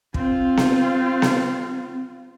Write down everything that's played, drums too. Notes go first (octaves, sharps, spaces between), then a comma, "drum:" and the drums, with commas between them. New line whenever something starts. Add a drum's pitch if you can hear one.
C4 F4, drum: kick
drum: snare B3
drum: snare B3